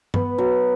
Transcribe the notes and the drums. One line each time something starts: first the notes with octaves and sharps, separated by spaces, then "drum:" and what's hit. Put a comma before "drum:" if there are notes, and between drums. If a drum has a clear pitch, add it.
B3, drum: tom
F#3